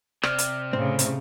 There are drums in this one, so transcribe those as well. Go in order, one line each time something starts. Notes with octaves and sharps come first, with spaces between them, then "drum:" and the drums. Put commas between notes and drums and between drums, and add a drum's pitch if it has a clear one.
C3 D5 F6, drum: rim click
drum: hi-hat
A2 C#3 C4
drum: hi-hat